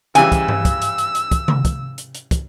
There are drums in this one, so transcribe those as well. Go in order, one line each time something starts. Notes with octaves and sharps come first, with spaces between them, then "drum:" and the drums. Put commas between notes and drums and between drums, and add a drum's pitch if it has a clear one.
C#3 E3 G3 G#5 E6, drum: hi-hat
drum: kick, hi-hat
drum: tom G2
drum: kick, hi-hat
drum: hi-hat
drum: hi-hat
drum: hi-hat
drum: kick, hi-hat
drum: tom C3
drum: kick, hi-hat
drum: hi-hat
drum: hi-hat
drum: kick, hi-hat